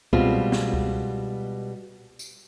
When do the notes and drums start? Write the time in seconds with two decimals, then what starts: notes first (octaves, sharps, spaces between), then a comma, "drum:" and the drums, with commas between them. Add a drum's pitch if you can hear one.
0.13 B2 G3 G#3 B3 C4 F4, drum: kick C#2
0.52 drum: snare B3
0.74 drum: kick C#2
2.19 drum: tambourine